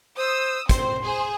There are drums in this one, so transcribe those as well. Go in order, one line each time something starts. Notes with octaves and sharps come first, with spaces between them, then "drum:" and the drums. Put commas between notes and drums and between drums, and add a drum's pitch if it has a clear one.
C5 D#6 E6
C4 C5 C6, drum: kick, hi-hat
G#4 C5